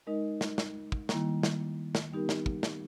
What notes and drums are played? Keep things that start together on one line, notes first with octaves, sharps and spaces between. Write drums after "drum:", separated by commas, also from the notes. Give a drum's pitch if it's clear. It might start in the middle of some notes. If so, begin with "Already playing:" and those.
G#3 D#4 A#4 D#5
drum: snare
drum: snare
drum: kick
D#3 G3 A#3 E4, drum: snare
drum: snare
drum: snare
G3 B3 D#4 G4 A#4
drum: snare
drum: kick
drum: snare